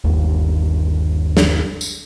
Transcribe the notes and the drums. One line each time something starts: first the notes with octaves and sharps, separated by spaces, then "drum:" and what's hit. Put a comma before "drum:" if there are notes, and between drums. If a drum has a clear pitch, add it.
G1 D#2
drum: snare
drum: tambourine